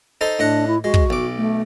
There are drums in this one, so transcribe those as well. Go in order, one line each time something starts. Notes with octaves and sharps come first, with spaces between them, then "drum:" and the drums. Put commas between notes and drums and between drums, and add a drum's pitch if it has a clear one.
D#4 A4 C5
A2 D4 D#5 F#5
E4
G#3 F#4
drum: kick
B1 D6
A3